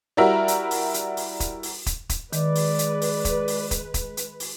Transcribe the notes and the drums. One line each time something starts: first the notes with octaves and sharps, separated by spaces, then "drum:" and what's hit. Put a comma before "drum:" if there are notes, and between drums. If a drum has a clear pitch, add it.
G3 E4 F#4 A#4 E5
drum: hi-hat
drum: open hi-hat
drum: hi-hat
drum: open hi-hat
drum: kick, hi-hat
drum: open hi-hat
drum: kick, hi-hat
drum: kick, hi-hat
D#3 G#3 B4 D5, drum: hi-hat
drum: open hi-hat
drum: hi-hat
drum: open hi-hat
drum: kick, hi-hat
drum: open hi-hat
drum: kick, hi-hat
drum: kick, hi-hat
drum: hi-hat
drum: open hi-hat